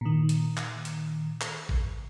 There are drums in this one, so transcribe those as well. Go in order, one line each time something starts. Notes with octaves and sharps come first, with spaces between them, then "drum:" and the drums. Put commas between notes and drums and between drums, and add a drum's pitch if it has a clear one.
A#2 D#3
drum: hi-hat
drum: clap
drum: hi-hat
drum: clap
drum: kick A1